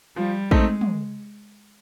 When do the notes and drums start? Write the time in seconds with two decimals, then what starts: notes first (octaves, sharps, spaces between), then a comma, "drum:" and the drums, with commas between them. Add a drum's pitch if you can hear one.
0.16 F3 G3
0.51 G#3 A3 C4 D#4, drum: kick A1
0.81 drum: tom